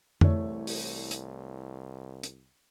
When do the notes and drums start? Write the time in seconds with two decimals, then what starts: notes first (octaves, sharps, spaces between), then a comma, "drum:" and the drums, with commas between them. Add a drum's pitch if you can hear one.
0.21 C2 E3 A3 C#5, drum: tom F2
0.67 drum: open hi-hat
1.11 drum: hi-hat
2.23 drum: hi-hat